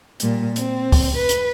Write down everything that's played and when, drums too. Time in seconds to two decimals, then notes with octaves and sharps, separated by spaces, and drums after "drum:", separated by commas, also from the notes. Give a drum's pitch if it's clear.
0.20 A#2 G3, drum: hi-hat
0.56 C4, drum: hi-hat
0.92 drum: kick, open hi-hat
1.17 B4
1.29 drum: hi-hat